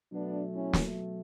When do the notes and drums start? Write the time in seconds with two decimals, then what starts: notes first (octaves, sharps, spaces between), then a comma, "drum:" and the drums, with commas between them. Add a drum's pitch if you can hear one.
0.12 B2 F#3 A3 B3 D4
0.53 C#4 E4
0.73 drum: snare